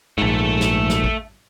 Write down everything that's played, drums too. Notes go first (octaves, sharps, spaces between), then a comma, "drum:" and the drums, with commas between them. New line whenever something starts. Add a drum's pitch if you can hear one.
A#1 G#2 A3 A4
drum: snare
drum: snare
drum: kick A1